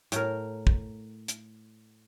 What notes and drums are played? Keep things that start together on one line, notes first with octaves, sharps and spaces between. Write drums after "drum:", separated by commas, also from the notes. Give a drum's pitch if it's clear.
A2 A#4, drum: hi-hat
drum: kick
drum: hi-hat